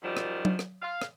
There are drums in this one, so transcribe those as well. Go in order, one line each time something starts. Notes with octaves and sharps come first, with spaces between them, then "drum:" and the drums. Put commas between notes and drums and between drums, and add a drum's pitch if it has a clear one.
F#2 D#3 F3 G3
drum: rim click
drum: tom F#3
drum: rim click
F5
drum: rim click